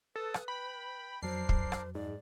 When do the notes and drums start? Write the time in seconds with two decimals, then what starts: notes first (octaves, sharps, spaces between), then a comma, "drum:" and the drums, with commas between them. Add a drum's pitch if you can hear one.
0.16 A4 B4 D#6
0.34 drum: rim click
0.48 G5 B5
1.22 F2 F#3 D4 A#4 C5 D5 C7
1.49 drum: kick
1.72 drum: rim click
1.95 G#2 D5